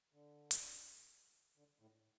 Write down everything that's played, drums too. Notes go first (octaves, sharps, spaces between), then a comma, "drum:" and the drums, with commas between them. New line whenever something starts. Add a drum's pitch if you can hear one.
D3
drum: hi-hat
D3
A2